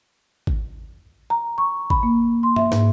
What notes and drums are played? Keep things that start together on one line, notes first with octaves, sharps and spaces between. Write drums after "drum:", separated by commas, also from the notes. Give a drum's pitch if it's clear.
drum: kick G#1
A#5
C#6
B5, drum: kick G#1
A#3
C6
E5, drum: tom G2
G#2, drum: snare